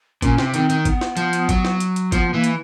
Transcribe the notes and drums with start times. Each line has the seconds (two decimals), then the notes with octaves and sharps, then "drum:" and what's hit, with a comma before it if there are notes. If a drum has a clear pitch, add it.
0.22 A#2 C#4, drum: kick, hi-hat
0.38 C3, drum: snare
0.54 D#3 C4, drum: hi-hat
0.70 D#3, drum: hi-hat
0.85 B3, drum: kick, hi-hat
1.01 drum: snare
1.17 F3, drum: hi-hat
1.33 drum: hi-hat
1.49 F#3, drum: kick, hi-hat
1.65 drum: snare
1.80 drum: hi-hat
1.96 drum: hi-hat
2.12 F3 B3, drum: kick, hi-hat
2.33 E3 A#3
2.44 drum: hi-hat